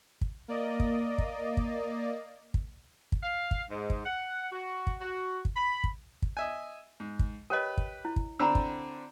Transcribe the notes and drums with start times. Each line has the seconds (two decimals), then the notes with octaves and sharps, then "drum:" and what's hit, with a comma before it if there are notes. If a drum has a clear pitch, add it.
0.21 drum: kick
0.48 A#3 D5 D#5
0.80 drum: kick
1.18 drum: kick
1.57 drum: kick
2.54 drum: kick
3.12 drum: kick
3.23 F5
3.51 drum: kick
3.70 G#2
3.90 drum: kick
4.05 F#5
4.52 F#4
4.87 drum: kick
5.01 F#4
5.45 drum: kick
5.56 B5
5.84 drum: kick
6.22 drum: kick
6.37 D#5 E5 G#5
7.00 G#2
7.19 drum: kick
7.50 G4 A#4 B4 C#5 D#5
7.78 drum: kick
8.05 E4
8.16 drum: kick
8.39 D3 C4 D4 A#5 B5 E6
8.55 drum: kick